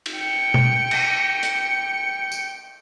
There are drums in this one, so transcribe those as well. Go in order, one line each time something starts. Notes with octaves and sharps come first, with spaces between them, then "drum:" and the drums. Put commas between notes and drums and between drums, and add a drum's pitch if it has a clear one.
drum: cymbal
G5 C#7
drum: tom B2
drum: cymbal
drum: hi-hat
drum: tambourine